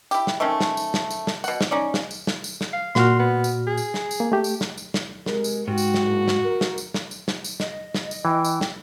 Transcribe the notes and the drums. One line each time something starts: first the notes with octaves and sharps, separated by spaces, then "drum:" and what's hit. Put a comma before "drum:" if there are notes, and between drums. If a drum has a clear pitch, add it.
E4 G4, drum: tambourine
drum: snare
D#3 A3 C4 C#4
drum: snare
drum: tambourine
drum: snare
drum: tambourine
drum: snare
B2 F#5, drum: tambourine
drum: snare
C#4 D#4 D5
drum: snare
drum: tambourine
drum: snare
drum: tambourine
drum: snare
F5
A#2 F#4 C6 F6, drum: snare
B3
drum: tambourine
G#4
drum: tambourine
drum: snare
drum: tambourine
A#3
A3 G4
drum: tambourine
drum: snare
drum: tambourine
drum: snare
C3 G#3 A#4, drum: snare
drum: tambourine
G#2 F#4 G4 G5
drum: tambourine
drum: snare
F#1
drum: snare
A#4
drum: snare
drum: tambourine
drum: snare
drum: tambourine
drum: snare
drum: tambourine
D#5, drum: snare
drum: snare
drum: tambourine
E3 G5
drum: tambourine
drum: snare